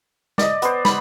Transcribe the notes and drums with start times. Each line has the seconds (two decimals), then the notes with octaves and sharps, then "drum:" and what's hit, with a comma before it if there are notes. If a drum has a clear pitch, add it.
0.38 D5 D#5, drum: snare
0.62 B3 C5, drum: hi-hat
0.85 B5, drum: snare